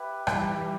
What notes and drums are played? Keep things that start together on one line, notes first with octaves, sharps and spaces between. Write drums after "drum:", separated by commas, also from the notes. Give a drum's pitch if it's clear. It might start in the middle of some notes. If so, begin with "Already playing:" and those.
Already playing: E4 G4 B4
E3 G3, drum: rim click